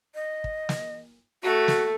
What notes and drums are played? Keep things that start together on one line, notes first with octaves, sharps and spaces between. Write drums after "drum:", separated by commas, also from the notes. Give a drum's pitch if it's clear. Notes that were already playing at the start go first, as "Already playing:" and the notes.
D#5
drum: kick
drum: snare
A3 F#4
drum: snare